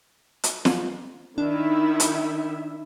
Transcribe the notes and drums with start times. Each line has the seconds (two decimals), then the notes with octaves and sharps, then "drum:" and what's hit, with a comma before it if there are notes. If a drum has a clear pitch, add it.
0.44 drum: hi-hat
0.65 drum: snare
1.38 D#3 D4 E4 E5
2.00 drum: hi-hat